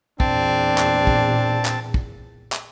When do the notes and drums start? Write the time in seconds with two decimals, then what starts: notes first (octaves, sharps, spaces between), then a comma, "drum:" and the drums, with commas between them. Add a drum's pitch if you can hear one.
0.20 E2 A#2 C4 D4 A5, drum: kick
0.78 drum: clap
1.07 drum: kick
1.65 drum: clap
1.94 drum: kick
2.52 drum: clap